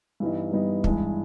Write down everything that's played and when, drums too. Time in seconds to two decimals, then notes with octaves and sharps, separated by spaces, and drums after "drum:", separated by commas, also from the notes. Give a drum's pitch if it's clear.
0.20 G2 E3 G3 B3 D#4
0.52 G2 E3 G3 B3 D#4
0.84 G2 E3 G#3, drum: kick